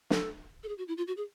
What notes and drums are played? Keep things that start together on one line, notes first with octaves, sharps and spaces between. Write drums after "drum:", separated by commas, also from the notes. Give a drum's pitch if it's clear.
A4, drum: snare
A4
G#4
F#4
E4
F4
F#4
G#4